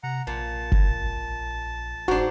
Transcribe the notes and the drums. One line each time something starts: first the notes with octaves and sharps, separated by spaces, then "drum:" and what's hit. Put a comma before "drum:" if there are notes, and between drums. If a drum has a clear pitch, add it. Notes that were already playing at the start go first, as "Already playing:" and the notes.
C3 F#5 A#5
A#1 A#2 A5
drum: kick F#1
F#1 G#2 D4 F#4